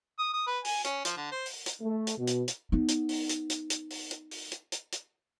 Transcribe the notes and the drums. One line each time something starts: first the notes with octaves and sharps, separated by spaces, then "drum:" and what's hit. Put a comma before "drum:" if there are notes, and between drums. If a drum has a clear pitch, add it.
D#6
D#6
B4
G#5, drum: open hi-hat
C#4, drum: hi-hat
F3, drum: hi-hat
D3
C5
drum: open hi-hat
drum: hi-hat
A3
drum: hi-hat
B2
drum: hi-hat
drum: hi-hat
B3 D#4
drum: hi-hat
drum: open hi-hat
drum: hi-hat
drum: hi-hat
drum: hi-hat
drum: open hi-hat
drum: hi-hat
drum: open hi-hat
drum: hi-hat
drum: hi-hat
drum: hi-hat